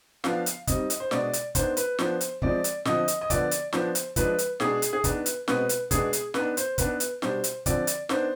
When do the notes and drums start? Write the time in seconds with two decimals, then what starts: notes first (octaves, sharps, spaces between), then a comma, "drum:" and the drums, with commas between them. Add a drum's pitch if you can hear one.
0.24 F3 B3 D4 F5, drum: snare
0.46 drum: hi-hat
0.67 D#3 G3 C4 D#5, drum: kick, hi-hat
0.90 drum: hi-hat
1.00 C5
1.11 B2 G#3 D4 D5, drum: snare
1.33 drum: hi-hat
1.55 D#3 B3 D4 C5, drum: kick, hi-hat
1.77 B4, drum: hi-hat
1.99 F3 B3 D4 C5, drum: snare
2.21 drum: hi-hat
2.42 F3 G#3 C4 D5, drum: kick
2.64 drum: hi-hat
2.85 D3 F3 C4 D#5, drum: snare
3.08 drum: hi-hat
3.21 D#5
3.30 D3 F3 B3 D5, drum: kick, hi-hat
3.51 drum: hi-hat
3.73 F3 B3 D4 C5, drum: snare
3.95 drum: hi-hat
4.16 F3 G#3 D4 B4, drum: kick, hi-hat
4.39 drum: hi-hat
4.60 B2 G#3 D4 G#4, drum: snare
4.82 drum: hi-hat
4.93 G#4
5.04 D#3 B3 D4 B4, drum: kick, hi-hat
5.26 drum: hi-hat
5.48 B2 G#3 C4 B4, drum: snare
5.69 drum: hi-hat
5.91 B2 G#3 B3 D4 G#4, drum: kick, hi-hat
6.13 drum: hi-hat
6.34 D#3 B3 D4 B4, drum: snare
6.57 C5, drum: hi-hat
6.78 D#3 B3 D4 B4, drum: kick, hi-hat
7.00 drum: hi-hat
7.22 B2 G3 D4 C5, drum: snare
7.44 drum: hi-hat
7.66 D3 F3 C4 D5, drum: kick, hi-hat
7.87 drum: hi-hat
8.09 D#3 B3 D4 C5, drum: snare